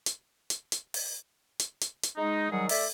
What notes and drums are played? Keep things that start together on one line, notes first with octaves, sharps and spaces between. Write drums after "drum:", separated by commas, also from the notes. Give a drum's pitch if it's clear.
drum: hi-hat
drum: hi-hat
drum: hi-hat
drum: open hi-hat
drum: hi-hat
drum: hi-hat
drum: hi-hat
G#3 D#4
D#3 F#3 G3 G#4 F#5
A3 D5 E5, drum: open hi-hat